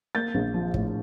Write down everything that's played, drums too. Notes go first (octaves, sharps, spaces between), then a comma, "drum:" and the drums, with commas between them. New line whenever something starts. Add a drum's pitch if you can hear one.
A#3 G6 A6
A#1
F3
A2, drum: kick